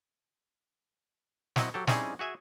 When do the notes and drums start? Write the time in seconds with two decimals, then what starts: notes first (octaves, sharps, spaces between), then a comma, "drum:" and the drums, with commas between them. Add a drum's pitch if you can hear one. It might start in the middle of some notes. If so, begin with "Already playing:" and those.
1.56 F#3 C4 E4 D#5 F#5, drum: snare
1.74 F#3 G4 A4
1.87 G3 C4 C#4 D#4 E4 G#4, drum: snare
2.19 F#4 G#4 E5 G#5